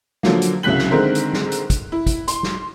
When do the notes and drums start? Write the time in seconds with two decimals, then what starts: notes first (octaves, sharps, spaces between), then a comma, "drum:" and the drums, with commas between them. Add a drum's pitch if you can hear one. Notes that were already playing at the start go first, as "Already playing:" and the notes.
0.23 D3 F3 F#3 A#3, drum: snare
0.42 drum: hi-hat
0.63 C2 C#3 F#3 F#6 B6 F#7
0.78 drum: snare
0.91 D3 D#3 G#3 C4 A#4 C5
1.15 drum: hi-hat
1.33 drum: snare
1.52 drum: hi-hat
1.70 drum: kick, hi-hat
1.92 E4
2.07 drum: kick, hi-hat
2.28 C6, drum: hi-hat
2.43 drum: snare